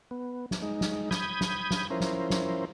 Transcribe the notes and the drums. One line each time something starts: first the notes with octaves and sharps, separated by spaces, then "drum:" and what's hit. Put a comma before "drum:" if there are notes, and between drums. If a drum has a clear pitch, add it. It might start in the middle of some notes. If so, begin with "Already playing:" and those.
B3
drum: snare
G#3 D#4
drum: snare
B5 D#6 G6 G#6, drum: snare
drum: snare
drum: snare
F3 C#4 E4 A#4 C5
drum: snare
drum: snare